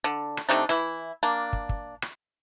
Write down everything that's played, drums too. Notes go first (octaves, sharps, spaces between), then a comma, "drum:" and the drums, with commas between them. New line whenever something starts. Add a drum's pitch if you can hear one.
D3
drum: rim click
C3 A3 D4 D#4
E3 E4, drum: rim click
A#3 D4
drum: kick
drum: kick
drum: rim click